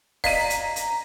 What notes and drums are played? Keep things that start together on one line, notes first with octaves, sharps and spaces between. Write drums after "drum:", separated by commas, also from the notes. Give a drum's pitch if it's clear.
D5 D#5 F5 A#5 B6 D#7, drum: kick, open hi-hat
drum: hi-hat
drum: hi-hat